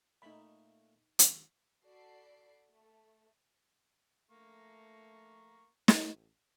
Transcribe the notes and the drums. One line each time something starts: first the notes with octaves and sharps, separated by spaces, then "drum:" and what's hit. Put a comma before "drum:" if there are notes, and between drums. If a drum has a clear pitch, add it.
A#2 A3 D#4 B5
drum: hi-hat
F#4 A4 D5 B5 C7 D7
A3
A3 A#3 A#5 C#6
A1, drum: snare